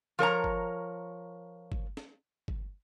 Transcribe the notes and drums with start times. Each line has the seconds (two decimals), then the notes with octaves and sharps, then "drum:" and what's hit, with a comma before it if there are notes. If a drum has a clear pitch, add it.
0.19 F3 A#4 C#5 A#5
0.44 drum: kick G1
1.72 drum: kick G1
1.97 drum: snare
2.48 drum: kick G1